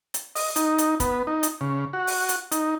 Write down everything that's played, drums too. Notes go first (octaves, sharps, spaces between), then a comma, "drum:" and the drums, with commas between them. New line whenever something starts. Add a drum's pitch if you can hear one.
drum: hi-hat
D#5, drum: open hi-hat
D#4, drum: hi-hat
drum: hi-hat
B3, drum: kick, hi-hat
D#4
drum: hi-hat
C#3
F#4
drum: open hi-hat
drum: hi-hat
D#4, drum: hi-hat